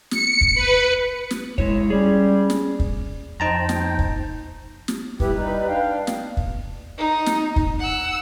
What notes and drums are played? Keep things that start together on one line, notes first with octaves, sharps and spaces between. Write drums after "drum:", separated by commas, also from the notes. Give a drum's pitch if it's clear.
C#7, drum: snare
drum: kick
B4
drum: snare
G#3 E4 C#5, drum: kick
G3 C#4 G#4
drum: snare
drum: kick
F2 D#4 C5 G5 A5 A#5
drum: snare
drum: kick
drum: snare
G3 E4 G4 B4, drum: kick
G3 D#4
D4 F5 G5
drum: snare
drum: kick
D#4
drum: snare
drum: kick
F#5 E6